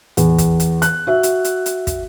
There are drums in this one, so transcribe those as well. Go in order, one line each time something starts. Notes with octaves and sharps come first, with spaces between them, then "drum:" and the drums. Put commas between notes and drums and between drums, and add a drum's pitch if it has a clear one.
E2, drum: hi-hat
drum: kick, hi-hat
drum: hi-hat
F#6, drum: hi-hat
F#4 E5
drum: hi-hat
drum: hi-hat
drum: hi-hat
drum: kick, hi-hat